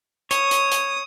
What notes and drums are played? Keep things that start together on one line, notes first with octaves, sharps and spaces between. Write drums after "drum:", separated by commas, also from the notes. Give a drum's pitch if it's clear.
C#5 D#6, drum: hi-hat
drum: hi-hat
drum: hi-hat